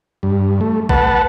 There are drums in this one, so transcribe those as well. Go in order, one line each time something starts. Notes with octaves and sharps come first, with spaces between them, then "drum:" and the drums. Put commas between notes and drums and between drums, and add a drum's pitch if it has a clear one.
G2
A3
B4 F#5 A5, drum: kick A#1